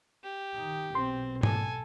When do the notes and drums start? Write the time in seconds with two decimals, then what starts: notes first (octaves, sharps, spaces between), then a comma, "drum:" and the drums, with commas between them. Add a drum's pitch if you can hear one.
0.23 G4
0.56 D#3 D#4
0.95 B1 B2 C4 C6
1.43 A4 G#5, drum: tom G#2